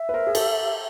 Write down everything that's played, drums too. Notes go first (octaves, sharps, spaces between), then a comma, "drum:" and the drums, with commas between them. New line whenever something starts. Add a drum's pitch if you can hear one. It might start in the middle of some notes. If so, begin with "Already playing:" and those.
Already playing: E5
B4
A#4 C5
G#4
G4 A4, drum: cymbal